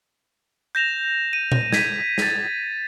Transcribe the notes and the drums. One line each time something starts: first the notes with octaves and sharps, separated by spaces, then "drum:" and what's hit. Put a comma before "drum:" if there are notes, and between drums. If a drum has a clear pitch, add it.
G6 A#6 E7 F7
D#7
drum: tom A#2
G#6 B6 D#7, drum: snare
A6 B6, drum: snare